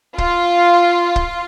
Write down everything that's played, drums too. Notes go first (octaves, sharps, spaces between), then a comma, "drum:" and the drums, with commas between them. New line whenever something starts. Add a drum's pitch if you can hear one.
F4, drum: kick
drum: kick